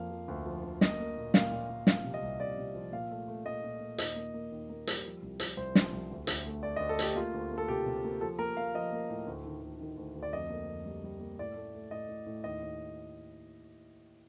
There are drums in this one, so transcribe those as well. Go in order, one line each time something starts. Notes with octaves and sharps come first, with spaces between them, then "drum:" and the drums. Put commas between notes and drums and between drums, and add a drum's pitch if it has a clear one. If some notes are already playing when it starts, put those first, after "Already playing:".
Already playing: F2 F3 A#3 F5
F3
D2
F3
D2
A#3 D#5, drum: snare
A#3
A#2
A#2 F5, drum: snare
A#2
A#2
F3 F5, drum: snare
C3
D#5
C2
C2 D5
C3
F3
A#2 F5
A3
A3
A#2 D#5
A#2
A#2
D#2 D#5, drum: hi-hat
A#3
A#3
D#2
A#3
G3, drum: hi-hat
F3
C2
F3, drum: hi-hat
C2 C5
F3, drum: snare
C2
D2
D2, drum: hi-hat
A3
A3 D5
D#5
D2
A4
A3 G4, drum: hi-hat
A#3 F4
D2
A#3
A4
C3 G4
C3
A#3
F3 A4
A#3 A#4
A#3 F5
F3 D#5
A#3
A2
D2
D#3
D2
D#3
D2
D2
D5
F2 D#5
A#3
F2
G3
G3
A#3
A2 D5
A3
A3
A2 D#5
A2
A2
D#2 D#5
D#2